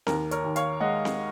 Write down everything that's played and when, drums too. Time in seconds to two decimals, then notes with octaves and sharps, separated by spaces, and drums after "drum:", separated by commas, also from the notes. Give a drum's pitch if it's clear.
0.07 D#2 A#4, drum: snare C4
0.31 A#4 C#5, drum: hi-hat
0.44 D#2
0.56 C#5 F5, drum: hi-hat
0.80 G#3 D#5 F#5
1.05 drum: snare C4